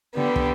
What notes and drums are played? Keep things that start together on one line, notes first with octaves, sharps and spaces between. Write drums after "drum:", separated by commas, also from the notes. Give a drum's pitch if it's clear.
D3 G3 B3
drum: kick